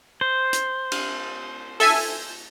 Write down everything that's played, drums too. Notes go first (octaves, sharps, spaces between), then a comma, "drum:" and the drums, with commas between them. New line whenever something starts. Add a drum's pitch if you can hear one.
C5
drum: hi-hat
drum: cymbal
A4 E5 G#5, drum: open hi-hat